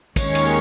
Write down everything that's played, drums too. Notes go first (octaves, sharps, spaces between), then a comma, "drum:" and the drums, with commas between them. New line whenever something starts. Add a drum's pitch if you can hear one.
D#2 D#3 G#3 C#4 C#5, drum: kick, cymbal
drum: cymbal